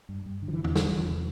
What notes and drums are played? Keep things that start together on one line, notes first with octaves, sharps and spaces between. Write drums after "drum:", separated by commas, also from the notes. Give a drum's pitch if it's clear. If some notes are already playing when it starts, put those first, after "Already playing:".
G2
G2
D3
F3
E3
D3
E3, drum: tom E2
E2 E3, drum: snare
E3 G3
E2
D3 F3
C3